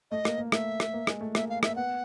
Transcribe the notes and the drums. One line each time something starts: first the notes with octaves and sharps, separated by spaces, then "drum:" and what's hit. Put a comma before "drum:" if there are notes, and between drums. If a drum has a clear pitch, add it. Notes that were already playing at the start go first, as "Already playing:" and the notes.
A3 D#5
A#3, drum: rim click
A#3
A3 E5, drum: rim click
drum: rim click
A#3
G#3, drum: rim click
A3
A#3 E5, drum: rim click
F5
A#3 E5, drum: rim click
B3 F#5